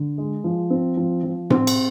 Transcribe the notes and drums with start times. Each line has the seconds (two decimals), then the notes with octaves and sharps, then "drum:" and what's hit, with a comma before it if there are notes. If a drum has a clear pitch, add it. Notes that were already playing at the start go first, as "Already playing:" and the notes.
Already playing: D3
0.18 G#3
0.44 F3
0.70 C4
0.97 F3
1.23 F3
1.50 C4, drum: tom A2
1.67 drum: cymbal